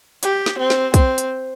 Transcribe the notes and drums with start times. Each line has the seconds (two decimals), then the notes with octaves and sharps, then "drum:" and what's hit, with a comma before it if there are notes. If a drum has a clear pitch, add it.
0.23 G4, drum: hi-hat
0.46 drum: snare
0.58 C4
0.70 drum: snare
0.94 C4, drum: kick, hi-hat
1.18 drum: hi-hat